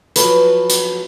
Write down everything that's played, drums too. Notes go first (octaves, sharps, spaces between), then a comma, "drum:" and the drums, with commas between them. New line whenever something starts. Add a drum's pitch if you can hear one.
F3 F#3 B4, drum: hi-hat
drum: hi-hat